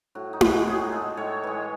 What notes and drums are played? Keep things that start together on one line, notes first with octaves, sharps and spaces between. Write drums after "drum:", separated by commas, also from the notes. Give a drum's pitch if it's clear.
A2 F#4
D#4
G#3, drum: tom E4
F#4
A2 G#4
G#3 A4
A2 C#5
E3 G#3